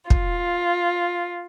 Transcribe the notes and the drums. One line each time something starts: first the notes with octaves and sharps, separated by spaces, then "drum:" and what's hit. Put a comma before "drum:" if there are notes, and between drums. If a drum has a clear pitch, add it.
F4, drum: kick